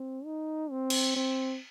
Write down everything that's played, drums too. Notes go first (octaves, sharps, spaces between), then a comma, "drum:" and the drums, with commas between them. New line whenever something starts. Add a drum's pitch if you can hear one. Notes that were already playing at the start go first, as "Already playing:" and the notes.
Already playing: C4
D#4
C4
drum: cymbal
C4